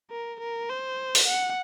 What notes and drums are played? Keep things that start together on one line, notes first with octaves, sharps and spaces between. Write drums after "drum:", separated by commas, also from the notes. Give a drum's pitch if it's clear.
A#4
A#4
C5
drum: open hi-hat
F#5